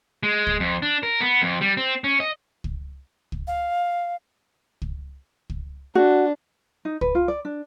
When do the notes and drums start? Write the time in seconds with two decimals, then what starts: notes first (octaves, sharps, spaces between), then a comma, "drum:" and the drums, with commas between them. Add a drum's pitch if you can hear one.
0.23 G#3
0.47 drum: kick
0.60 F2
0.82 D4
1.03 A#4
1.21 B3
1.42 F2
1.61 G3
1.77 C4
2.04 C#4
2.20 D#5
2.64 drum: kick
3.32 drum: kick
3.47 F5
4.82 drum: kick
5.50 drum: kick
5.95 D4 F#4
6.85 D#4
7.01 B4, drum: kick
7.15 F4
7.28 D5
7.45 D4